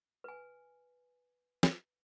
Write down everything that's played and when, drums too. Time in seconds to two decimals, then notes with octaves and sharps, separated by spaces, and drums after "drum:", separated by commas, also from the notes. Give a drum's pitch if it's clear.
0.24 B4 G#5
1.63 drum: snare